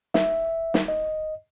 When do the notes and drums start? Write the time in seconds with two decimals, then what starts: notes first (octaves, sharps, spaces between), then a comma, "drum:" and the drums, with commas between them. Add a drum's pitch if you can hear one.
0.14 E5, drum: snare
0.74 drum: snare
0.88 D#5